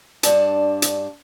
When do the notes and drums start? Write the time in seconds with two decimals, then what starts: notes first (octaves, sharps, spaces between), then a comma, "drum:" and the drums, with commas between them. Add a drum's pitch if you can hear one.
0.23 G2 D4 D5 A5, drum: hi-hat
0.82 drum: hi-hat